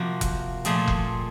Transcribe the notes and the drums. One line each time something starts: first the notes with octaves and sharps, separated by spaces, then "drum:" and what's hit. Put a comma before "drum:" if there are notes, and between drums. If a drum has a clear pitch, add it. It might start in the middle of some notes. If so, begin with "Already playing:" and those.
Already playing: C3 F3 A#3 F#4
drum: kick F1, hi-hat
A#2 F3 A3 C4 G#4, drum: hi-hat
drum: kick F1